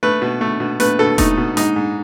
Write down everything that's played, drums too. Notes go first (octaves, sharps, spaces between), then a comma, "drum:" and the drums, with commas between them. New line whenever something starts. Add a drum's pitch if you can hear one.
A3 B4
B2
A3
B2
A3 B4, drum: hi-hat
B2 A4
A3 D#4, drum: kick E1, hi-hat
B2
G#2 D#4, drum: hi-hat
G#2